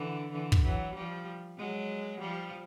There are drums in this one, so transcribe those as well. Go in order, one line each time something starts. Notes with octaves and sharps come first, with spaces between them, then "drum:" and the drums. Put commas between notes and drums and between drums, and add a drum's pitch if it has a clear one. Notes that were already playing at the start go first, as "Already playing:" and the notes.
Already playing: D3 E3
D3 E3
drum: kick
E3 F#3
F3 G3
F#3 G#3
F3 G3